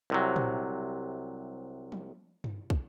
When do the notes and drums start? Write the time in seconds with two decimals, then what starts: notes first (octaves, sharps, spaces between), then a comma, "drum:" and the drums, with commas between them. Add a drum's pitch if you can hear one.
0.10 C2 C3 F#3
0.36 drum: tom A#2
1.92 drum: tom F3
2.44 drum: tom G2
2.70 drum: kick